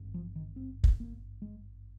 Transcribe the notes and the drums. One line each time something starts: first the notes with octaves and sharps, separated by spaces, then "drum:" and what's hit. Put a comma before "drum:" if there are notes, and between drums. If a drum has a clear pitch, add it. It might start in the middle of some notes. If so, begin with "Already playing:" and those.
Already playing: G#1 G2
F3
D#3
C4
drum: kick
A#3
G#3